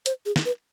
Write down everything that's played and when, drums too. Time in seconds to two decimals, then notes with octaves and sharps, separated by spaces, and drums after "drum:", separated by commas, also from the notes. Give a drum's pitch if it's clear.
0.06 C5, drum: hi-hat
0.26 G#4
0.36 drum: snare
0.45 B4